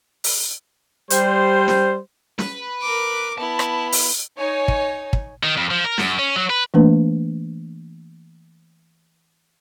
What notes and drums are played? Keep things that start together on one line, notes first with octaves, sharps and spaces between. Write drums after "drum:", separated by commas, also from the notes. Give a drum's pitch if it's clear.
drum: open hi-hat
G3 C5, drum: hi-hat
drum: snare
B4, drum: snare
A#4 D6
B3 E4 A5
drum: rim click
drum: open hi-hat
D#4 C#5 G#5
drum: kick
drum: kick
D#3
F2
F3
A#4
F#2, drum: snare
C#4
F#3
B4
E3 A3 A#3 D4 B4